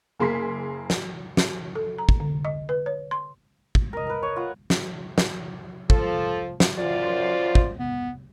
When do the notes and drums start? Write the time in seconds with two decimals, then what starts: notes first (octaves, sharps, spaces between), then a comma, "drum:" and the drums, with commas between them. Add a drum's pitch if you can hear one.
0.19 F#1 A#3 G#4 C6 B6 C7
0.90 drum: snare
1.37 drum: snare
1.75 A4
1.98 A#5
2.09 drum: kick
2.20 D3
2.45 D#5
2.69 B4
2.86 C#5
3.11 C6
3.75 drum: kick
3.93 A#4 D#5
4.07 A#4 B4
4.23 C#5
4.36 F4 F#5
4.70 drum: snare
5.18 drum: snare
5.90 F3 A4, drum: kick
6.60 drum: snare
6.78 F#2 F4 C5 D5
7.55 drum: kick
7.79 B3